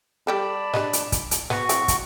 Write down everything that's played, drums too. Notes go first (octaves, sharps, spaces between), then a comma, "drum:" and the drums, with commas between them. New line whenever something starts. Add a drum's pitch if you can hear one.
G3 G4 A4 D5 A5 B5
D4 G4 D#5, drum: snare G#2
drum: hi-hat
drum: kick, hi-hat
drum: hi-hat
B3 F#4 C#6, drum: snare G#2
F#3 C4 E4, drum: hi-hat
drum: kick, hi-hat